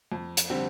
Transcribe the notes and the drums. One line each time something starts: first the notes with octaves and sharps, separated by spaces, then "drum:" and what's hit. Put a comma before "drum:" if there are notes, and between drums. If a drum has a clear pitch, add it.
F2
drum: hi-hat
D3 G3 C4 G4